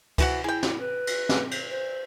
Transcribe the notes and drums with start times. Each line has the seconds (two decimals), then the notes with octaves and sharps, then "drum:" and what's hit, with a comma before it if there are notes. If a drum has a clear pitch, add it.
0.18 E3 F#4 F#5, drum: kick C#2, cymbal
0.44 E4 G#4 G5
0.63 drum: snare
0.80 B4
1.07 drum: cymbal
1.29 drum: snare
1.51 drum: cymbal
1.71 C5